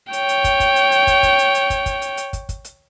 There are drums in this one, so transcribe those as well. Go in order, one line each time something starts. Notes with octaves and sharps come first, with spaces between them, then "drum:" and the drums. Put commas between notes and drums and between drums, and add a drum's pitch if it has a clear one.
C#5 G5, drum: hi-hat
drum: hi-hat
drum: kick, hi-hat
drum: kick, hi-hat
drum: hi-hat
drum: hi-hat
drum: kick, hi-hat
drum: kick, hi-hat
drum: hi-hat
drum: hi-hat
drum: kick, hi-hat
drum: kick, hi-hat
drum: hi-hat
drum: hi-hat
drum: kick, hi-hat
drum: kick, hi-hat
drum: hi-hat